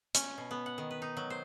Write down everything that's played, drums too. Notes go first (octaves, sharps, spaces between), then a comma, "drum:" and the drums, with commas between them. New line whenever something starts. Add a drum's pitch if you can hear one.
C#4, drum: hi-hat
B2
B3
F#5
D#3
B4
D#4
F#3
C5